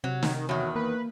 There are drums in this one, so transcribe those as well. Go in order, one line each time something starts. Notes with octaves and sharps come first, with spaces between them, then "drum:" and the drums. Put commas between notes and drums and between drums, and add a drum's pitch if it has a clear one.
C3 F#3
D#3, drum: snare
E2 D#3 F#3
A#3 B4